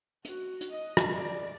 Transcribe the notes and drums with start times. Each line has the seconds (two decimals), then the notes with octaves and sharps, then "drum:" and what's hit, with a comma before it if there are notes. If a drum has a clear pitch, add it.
0.25 F#4, drum: hi-hat
0.61 drum: hi-hat
0.70 D#5
0.97 drum: rim click
1.14 D5